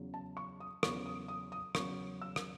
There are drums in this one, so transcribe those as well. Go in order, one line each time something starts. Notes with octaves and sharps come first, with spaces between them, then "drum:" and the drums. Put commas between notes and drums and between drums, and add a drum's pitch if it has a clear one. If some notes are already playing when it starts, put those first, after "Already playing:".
Already playing: E2 C#3 F#3
A5
C#6
D#6
E2 C#3 F#3 C#6, drum: rim click
D#6
D#6
D#6
E2 C#3 F#3 C#6, drum: rim click
E6
drum: rim click